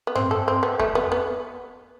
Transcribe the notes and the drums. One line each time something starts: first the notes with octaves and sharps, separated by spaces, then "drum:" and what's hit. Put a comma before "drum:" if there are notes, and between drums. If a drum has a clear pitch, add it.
B3
C4, drum: tom G2
A4
C4
B3
A3, drum: kick F2
B3
B3